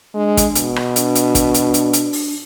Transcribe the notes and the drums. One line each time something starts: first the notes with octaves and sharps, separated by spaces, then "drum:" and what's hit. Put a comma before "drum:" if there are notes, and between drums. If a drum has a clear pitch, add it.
G#3 D4
drum: kick, hi-hat
B2, drum: hi-hat
drum: rim click
D4, drum: hi-hat
drum: hi-hat
drum: kick, hi-hat
drum: hi-hat
drum: hi-hat
drum: hi-hat
drum: open hi-hat